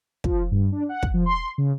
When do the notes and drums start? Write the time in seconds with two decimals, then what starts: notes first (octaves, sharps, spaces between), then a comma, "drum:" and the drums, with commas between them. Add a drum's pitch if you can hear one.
0.24 F3, drum: kick
0.51 G2
0.72 D4
0.89 F#5
1.03 drum: kick
1.14 F3
1.26 C6
1.58 C#3